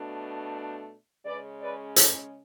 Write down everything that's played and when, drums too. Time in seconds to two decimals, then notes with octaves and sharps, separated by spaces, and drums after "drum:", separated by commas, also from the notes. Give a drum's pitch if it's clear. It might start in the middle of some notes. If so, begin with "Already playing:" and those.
Already playing: B2 A3 D4
1.24 C#3 G#3 C#4 B4 D5
1.61 B4 D5
1.96 A4 C#5, drum: hi-hat